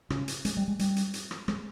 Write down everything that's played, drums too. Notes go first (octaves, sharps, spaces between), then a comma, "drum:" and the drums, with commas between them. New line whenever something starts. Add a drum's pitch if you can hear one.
C#3, drum: rim click
drum: hi-hat
G#3, drum: hi-hat
G3
G#3
G3, drum: hi-hat
drum: hi-hat
drum: hi-hat
drum: rim click
G#3, drum: rim click